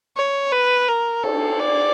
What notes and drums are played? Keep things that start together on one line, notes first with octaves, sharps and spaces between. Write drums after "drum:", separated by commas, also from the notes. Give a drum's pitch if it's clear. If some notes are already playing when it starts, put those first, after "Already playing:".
C#5
B4
A#4
A4, drum: cymbal
D5